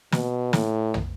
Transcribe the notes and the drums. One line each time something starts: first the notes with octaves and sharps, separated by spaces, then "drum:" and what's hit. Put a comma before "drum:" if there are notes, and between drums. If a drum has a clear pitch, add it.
B2, drum: snare
A2, drum: snare
drum: tom